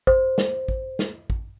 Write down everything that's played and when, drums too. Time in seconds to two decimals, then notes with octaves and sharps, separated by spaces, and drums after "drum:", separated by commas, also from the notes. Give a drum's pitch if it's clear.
0.07 C5, drum: kick A1
0.38 drum: snare
0.68 drum: kick A1
0.99 drum: snare
1.30 drum: kick A1